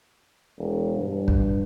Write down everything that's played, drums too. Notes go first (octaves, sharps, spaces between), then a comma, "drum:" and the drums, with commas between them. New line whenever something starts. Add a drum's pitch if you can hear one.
E1
G2
drum: kick